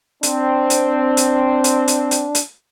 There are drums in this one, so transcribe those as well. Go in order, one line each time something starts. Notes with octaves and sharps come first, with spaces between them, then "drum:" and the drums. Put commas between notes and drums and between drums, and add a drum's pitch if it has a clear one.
C4 D4, drum: hi-hat
drum: hi-hat
drum: hi-hat
drum: hi-hat
drum: hi-hat
drum: hi-hat
drum: hi-hat